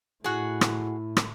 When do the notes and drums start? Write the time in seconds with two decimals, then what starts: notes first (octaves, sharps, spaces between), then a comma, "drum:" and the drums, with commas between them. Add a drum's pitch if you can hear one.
0.24 A2 E4 F#4 G#4
0.61 drum: rim click
1.17 drum: rim click